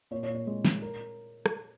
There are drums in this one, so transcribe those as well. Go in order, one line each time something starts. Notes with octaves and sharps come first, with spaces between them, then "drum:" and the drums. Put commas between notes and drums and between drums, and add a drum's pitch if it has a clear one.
A#2 C#5
C#5
A#2
C#5
G#3
G#3, drum: snare
A#4
drum: rim click